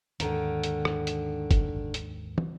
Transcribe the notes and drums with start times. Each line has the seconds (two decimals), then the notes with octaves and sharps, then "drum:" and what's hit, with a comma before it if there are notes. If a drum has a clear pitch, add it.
0.20 D#2 G#2 D3 D#3, drum: hi-hat
0.63 drum: hi-hat
0.85 drum: rim click
1.07 drum: hi-hat
1.51 drum: kick F#1, hi-hat
1.94 drum: hi-hat
2.38 drum: tom